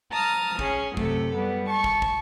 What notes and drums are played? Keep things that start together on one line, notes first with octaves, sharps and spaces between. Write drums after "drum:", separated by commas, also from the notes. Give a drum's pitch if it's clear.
A5 A#5 D#6 F6
C#4 G#4, drum: kick
F#2 C3 A3 A4, drum: kick
G3 B3
A5 C#6
drum: kick
drum: kick